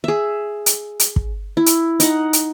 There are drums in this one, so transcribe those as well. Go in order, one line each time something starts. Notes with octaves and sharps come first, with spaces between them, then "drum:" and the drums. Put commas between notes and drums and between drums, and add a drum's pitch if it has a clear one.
G#4 E5
drum: hi-hat
drum: hi-hat
drum: kick
E4
drum: hi-hat
D#4 F#5, drum: hi-hat
drum: hi-hat